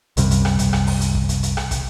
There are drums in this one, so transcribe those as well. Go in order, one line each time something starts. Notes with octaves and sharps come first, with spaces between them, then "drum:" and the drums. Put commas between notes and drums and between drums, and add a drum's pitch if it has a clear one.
C2 F#2 C3 G3, drum: hi-hat
drum: hi-hat
drum: rim click
drum: kick, hi-hat
drum: rim click
drum: open hi-hat
drum: hi-hat
drum: kick
drum: hi-hat
drum: hi-hat
drum: rim click
drum: kick, hi-hat